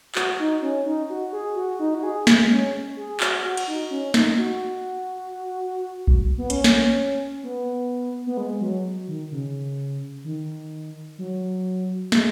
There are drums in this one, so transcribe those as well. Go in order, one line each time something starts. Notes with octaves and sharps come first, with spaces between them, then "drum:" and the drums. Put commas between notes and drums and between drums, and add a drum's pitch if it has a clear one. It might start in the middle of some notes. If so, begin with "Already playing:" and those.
F#4, drum: clap
D#4
C#4
D#4
F#4
G#4
F#4
D#4
F#4
G#4
G#3, drum: snare
C#4
G#4
F#4, drum: clap
F#4
drum: cymbal
D#4
C#4
D#4, drum: snare
F#4
drum: kick B1
B3
C#4, drum: hi-hat
drum: snare
B3
B3
G#3
F#3
D#3
C#3
D#3
F#3
G#3, drum: snare